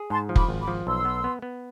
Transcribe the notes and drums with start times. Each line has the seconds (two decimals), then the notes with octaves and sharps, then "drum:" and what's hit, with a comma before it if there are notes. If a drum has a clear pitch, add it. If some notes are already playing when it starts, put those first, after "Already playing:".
Already playing: G#4
0.10 G#2 A5 C6
0.29 F3
0.36 B5 D6, drum: kick F1
0.49 G#1
0.61 B5 D6
0.67 F3
0.86 B1 C6 E6
1.05 B3
1.24 B3
1.42 B3